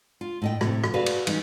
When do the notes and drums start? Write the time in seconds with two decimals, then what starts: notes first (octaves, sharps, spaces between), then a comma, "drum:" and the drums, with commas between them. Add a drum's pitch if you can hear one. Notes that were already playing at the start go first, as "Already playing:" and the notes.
0.21 F4
0.42 A2 D#5 G5
0.61 A2 C3, drum: rim click
0.84 drum: rim click
0.94 F#4 G#4 A4 B4 D5 F5
1.06 drum: cymbal
1.27 E3 G3 C#4 D#4, drum: cymbal